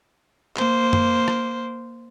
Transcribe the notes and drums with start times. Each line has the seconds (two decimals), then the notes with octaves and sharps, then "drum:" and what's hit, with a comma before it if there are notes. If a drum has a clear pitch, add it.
0.57 A#3 C5, drum: clap
0.93 drum: tom F#2
1.28 drum: rim click